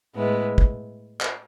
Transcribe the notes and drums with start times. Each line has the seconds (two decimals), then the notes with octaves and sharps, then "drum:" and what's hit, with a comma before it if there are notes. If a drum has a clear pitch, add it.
0.14 A2 G#3 B3 E4
0.58 drum: kick
1.21 drum: clap